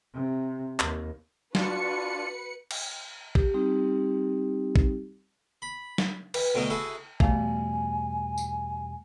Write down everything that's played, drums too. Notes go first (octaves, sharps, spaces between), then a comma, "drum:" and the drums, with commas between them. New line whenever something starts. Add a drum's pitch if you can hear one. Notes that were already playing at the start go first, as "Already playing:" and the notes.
C3
D#2, drum: clap
D4 F4 F#4 B4 C#7, drum: snare
drum: cymbal
G4, drum: kick
G3 C4 D#4 G4
drum: kick
B5
drum: snare
B4, drum: cymbal
D2 B2 F#3 D#4 D#5
E4 F#4 G#4 A4
E2 B2 G3 A3 F5 G#5, drum: kick
drum: tambourine